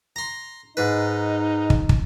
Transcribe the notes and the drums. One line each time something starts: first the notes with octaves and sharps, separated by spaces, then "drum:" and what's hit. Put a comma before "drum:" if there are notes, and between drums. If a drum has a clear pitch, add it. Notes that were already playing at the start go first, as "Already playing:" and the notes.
A#5 C6
G#2 D#4 B4
drum: kick
drum: kick